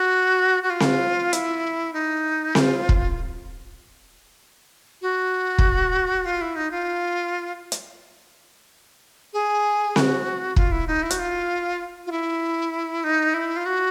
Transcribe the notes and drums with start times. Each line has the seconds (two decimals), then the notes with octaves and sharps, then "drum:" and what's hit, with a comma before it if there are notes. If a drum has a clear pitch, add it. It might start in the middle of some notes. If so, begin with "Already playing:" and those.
Already playing: F#4
0.63 F#4
0.70 F4
0.80 drum: snare C4
1.33 E4, drum: hi-hat
1.93 D#4
2.55 F4, drum: snare C4
2.89 drum: kick
5.02 F#4
5.58 drum: kick
6.26 F4
6.41 E4
6.56 D#4
6.71 F4
7.72 drum: hi-hat
9.33 G#4
9.96 F#4, drum: snare C4
10.56 F4, drum: kick
10.72 E4
10.87 D#4
11.03 E4
11.10 F#4, drum: hi-hat
11.19 F4
12.06 F4
12.11 E4
13.04 D#4
13.34 E4
13.56 F4
13.66 F#4